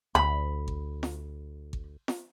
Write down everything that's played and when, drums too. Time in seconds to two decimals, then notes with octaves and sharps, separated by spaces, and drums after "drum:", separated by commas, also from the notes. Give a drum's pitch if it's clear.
0.15 D2 B5
0.68 drum: kick G#1
1.03 drum: snare
1.73 drum: kick G#1
2.08 drum: snare